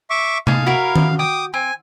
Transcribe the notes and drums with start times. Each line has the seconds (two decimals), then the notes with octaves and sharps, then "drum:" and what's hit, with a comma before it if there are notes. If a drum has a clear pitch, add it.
0.10 E5 C#6 D6
0.47 D#4 G#4 F5 A5, drum: tom C3
0.66 E4 F#4 A#4
0.96 drum: tom D#3
1.19 G5 D6 D#6
1.54 C4 G#5